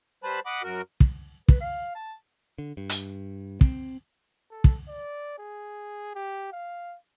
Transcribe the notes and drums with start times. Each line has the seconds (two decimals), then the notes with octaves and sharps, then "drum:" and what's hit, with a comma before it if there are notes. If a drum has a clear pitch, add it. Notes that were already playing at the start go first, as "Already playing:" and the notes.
0.24 G3 B4 C5 A5 B5
0.46 D#5 F#5 B5 D6
0.63 F#2 F#4 A#4
1.00 drum: kick
1.49 B4, drum: kick
1.61 F5
1.95 A5
2.58 D3
2.77 G2
2.89 drum: hi-hat
3.61 C4, drum: kick
4.51 A4
4.64 drum: kick
4.88 D5
5.39 G#4
6.15 G4
6.52 F5